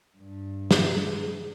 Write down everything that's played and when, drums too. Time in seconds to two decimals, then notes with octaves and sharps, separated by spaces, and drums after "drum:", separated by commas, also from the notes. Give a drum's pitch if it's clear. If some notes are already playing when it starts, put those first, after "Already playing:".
0.18 G2
0.71 G#4, drum: snare